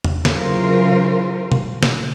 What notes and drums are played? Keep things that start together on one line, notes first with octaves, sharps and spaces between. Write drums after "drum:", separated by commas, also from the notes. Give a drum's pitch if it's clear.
drum: tom E2
C#3 E3 F#3 F4 A#4 C5, drum: snare
drum: tom B2
drum: snare